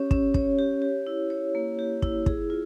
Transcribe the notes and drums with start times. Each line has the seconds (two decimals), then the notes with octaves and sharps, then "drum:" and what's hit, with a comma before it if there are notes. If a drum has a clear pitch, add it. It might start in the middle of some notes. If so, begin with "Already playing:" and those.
Already playing: C#4 G4 C#5
0.11 C#4, drum: kick
0.34 C#5, drum: kick
0.59 G4
0.82 G4
1.07 E4
1.30 C#5
1.55 A#3
1.79 G4
2.02 E4, drum: kick
2.26 G#4, drum: kick
2.50 F4